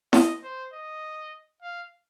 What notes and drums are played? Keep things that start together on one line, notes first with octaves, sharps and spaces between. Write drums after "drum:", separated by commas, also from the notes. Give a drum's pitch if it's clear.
D#5, drum: snare E4
C5
D#5
F5